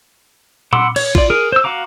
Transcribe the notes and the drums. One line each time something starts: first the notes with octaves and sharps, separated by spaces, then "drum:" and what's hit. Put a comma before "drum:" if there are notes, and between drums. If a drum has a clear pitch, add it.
F#5 B5 C6 D6 E6, drum: tom A#2
C#5, drum: cymbal
F4 D5, drum: kick A1
G#4 A#4
C5 E6
F#4 F5 A#5 D6